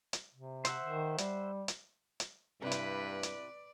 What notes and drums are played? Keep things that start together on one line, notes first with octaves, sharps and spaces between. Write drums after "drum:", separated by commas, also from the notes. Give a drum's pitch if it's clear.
drum: hi-hat
C3
C5 E5 F#5, drum: hi-hat
D#3
G3, drum: hi-hat
drum: hi-hat
drum: hi-hat
G2 C3 E4 B4 D5
drum: hi-hat
drum: hi-hat